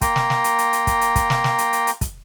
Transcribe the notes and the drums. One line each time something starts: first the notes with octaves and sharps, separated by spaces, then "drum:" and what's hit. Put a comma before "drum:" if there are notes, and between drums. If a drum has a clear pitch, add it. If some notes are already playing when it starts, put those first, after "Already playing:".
A#3 G5 A#5 C6, drum: kick, hi-hat
drum: snare
drum: snare
drum: hi-hat
drum: hi-hat
drum: hi-hat
drum: kick, hi-hat
drum: hi-hat
drum: kick, hi-hat
drum: snare
drum: snare
drum: hi-hat
drum: hi-hat
drum: hi-hat
drum: kick, hi-hat